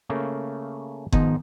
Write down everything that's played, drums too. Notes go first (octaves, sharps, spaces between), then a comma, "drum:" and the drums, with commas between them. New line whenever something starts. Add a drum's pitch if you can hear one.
C#3 A3 A#3
G#2 D#3 F3 B3 D#4, drum: kick F#1